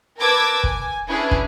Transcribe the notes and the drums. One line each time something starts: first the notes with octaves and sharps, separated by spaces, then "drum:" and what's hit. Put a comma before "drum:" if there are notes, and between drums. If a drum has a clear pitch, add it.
A#4 B4 A5 D6 E6 G#6
G#5, drum: kick
C#4 D4 E4 G#4 B4
drum: kick